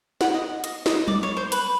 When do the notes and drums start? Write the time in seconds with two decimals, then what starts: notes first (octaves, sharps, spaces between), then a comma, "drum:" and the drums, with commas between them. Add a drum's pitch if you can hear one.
0.21 F#5, drum: snare
0.34 D#5
0.64 D#5, drum: hi-hat
0.86 D#5, drum: snare
1.08 D5, drum: tom F#3
1.23 C#5
1.37 C5
1.52 B4, drum: hi-hat